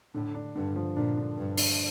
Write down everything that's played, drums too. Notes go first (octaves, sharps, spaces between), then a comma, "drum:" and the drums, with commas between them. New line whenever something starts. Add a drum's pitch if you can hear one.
A2 D3
D4
G2 D3
F3
A#2 D4
D3
G2 D3
D4, drum: open hi-hat